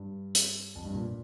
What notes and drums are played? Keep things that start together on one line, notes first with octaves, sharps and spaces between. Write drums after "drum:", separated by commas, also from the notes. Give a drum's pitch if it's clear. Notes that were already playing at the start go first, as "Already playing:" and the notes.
Already playing: G2
drum: hi-hat
F2
G2
A#2